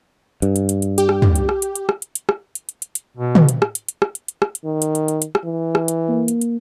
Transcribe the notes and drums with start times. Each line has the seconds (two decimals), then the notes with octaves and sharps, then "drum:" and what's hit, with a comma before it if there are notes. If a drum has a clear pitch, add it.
0.42 G2, drum: hi-hat
0.56 drum: hi-hat
0.69 drum: hi-hat
0.82 drum: hi-hat
0.98 G4, drum: hi-hat
1.09 drum: rim click
1.22 drum: tom
1.36 drum: hi-hat
1.49 drum: rim click
1.62 drum: hi-hat
1.75 drum: hi-hat
1.89 drum: rim click
2.02 drum: hi-hat
2.15 drum: hi-hat
2.29 drum: rim click
2.55 drum: hi-hat
2.69 drum: hi-hat
2.82 drum: hi-hat
2.95 drum: hi-hat
3.17 B2
3.35 drum: tom
3.49 drum: hi-hat
3.62 drum: rim click
3.75 drum: hi-hat
3.88 drum: hi-hat
4.02 drum: rim click
4.15 drum: hi-hat
4.28 drum: hi-hat
4.42 drum: rim click
4.55 drum: hi-hat
4.65 D#3
4.82 drum: hi-hat
4.95 drum: hi-hat
5.08 drum: hi-hat
5.22 drum: hi-hat
5.35 drum: rim click
5.44 E3
5.75 drum: rim click
5.88 drum: hi-hat
6.09 A#3
6.28 drum: hi-hat
6.41 drum: hi-hat